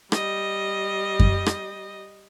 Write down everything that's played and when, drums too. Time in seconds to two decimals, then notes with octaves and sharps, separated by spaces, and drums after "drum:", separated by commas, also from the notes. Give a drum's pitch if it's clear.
0.12 G3 D#5, drum: rim click
1.20 drum: kick F#2
1.46 drum: rim click